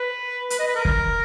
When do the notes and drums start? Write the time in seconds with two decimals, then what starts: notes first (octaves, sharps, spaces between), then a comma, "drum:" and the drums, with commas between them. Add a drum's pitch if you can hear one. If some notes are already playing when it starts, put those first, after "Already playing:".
Already playing: B4
0.50 B4, drum: hi-hat
0.59 D#5
0.68 B4
0.76 A#4
0.85 drum: kick